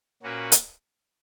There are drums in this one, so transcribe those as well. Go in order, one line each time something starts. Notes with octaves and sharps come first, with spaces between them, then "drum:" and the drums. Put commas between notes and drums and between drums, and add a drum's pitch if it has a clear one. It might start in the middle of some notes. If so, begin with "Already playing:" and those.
A#2 A#3 C#4 F#4 B4
drum: hi-hat